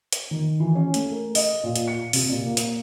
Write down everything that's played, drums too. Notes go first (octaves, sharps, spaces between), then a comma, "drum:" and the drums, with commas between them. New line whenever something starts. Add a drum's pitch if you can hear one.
drum: hi-hat
D#3
E3
C#4
A3, drum: hi-hat
A#4
D#5, drum: open hi-hat
A#2
drum: hi-hat
C#7
C3, drum: open hi-hat
A#2
A#3
drum: hi-hat